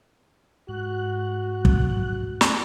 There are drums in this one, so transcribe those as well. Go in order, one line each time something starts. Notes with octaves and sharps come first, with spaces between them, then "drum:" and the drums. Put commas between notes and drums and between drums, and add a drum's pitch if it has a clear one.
G#2 F#4 F#6
drum: kick
drum: snare